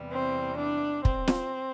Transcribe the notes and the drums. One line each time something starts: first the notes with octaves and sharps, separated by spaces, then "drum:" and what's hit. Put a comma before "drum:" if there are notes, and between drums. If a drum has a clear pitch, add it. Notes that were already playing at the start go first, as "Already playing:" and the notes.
Already playing: E2 C3 E3 G3
C4
D4
C4, drum: kick
drum: snare